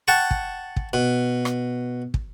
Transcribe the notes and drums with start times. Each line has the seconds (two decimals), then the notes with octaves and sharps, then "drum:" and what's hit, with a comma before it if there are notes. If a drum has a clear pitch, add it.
0.08 F#5 G5 A5 C#6
0.31 drum: kick
0.76 drum: kick
0.93 B2
1.45 drum: rim click
2.14 drum: kick